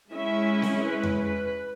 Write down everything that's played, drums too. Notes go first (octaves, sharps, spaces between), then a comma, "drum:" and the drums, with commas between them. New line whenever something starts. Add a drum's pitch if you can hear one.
G#3 C#4 E4 E5
drum: snare C4
B4
drum: tom E2
B4